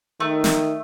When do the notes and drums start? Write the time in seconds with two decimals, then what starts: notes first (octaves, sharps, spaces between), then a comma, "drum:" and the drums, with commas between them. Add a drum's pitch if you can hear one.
0.20 D#3 A3
0.44 drum: snare